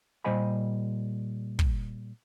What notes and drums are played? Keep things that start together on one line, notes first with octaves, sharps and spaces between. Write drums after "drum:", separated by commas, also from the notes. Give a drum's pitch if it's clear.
A#2 G3 C5 D#5 G#5 B5
drum: kick